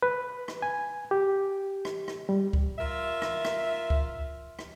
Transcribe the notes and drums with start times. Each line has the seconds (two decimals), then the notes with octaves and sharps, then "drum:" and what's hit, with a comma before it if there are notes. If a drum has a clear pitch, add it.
0.03 B4
0.48 drum: rim click
0.62 G#5
1.11 G4
1.85 drum: rim click
2.08 drum: rim click
2.29 G3
2.53 drum: kick C#2
2.79 F4 A#4 E5
3.22 drum: rim click
3.45 drum: rim click
3.90 drum: kick C#2
4.59 drum: rim click